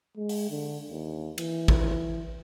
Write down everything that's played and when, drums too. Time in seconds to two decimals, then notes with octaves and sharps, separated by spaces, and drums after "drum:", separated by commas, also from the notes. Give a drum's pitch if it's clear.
0.17 G#3
0.29 drum: open hi-hat
0.50 D3
0.90 D#2
1.38 E3, drum: cymbal
1.68 drum: kick